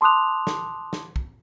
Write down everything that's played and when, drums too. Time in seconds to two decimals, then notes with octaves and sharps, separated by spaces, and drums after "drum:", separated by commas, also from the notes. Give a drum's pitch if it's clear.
0.01 A5 C6 D6 D#6 F#6 F7
0.47 drum: snare
0.93 drum: snare
1.16 drum: kick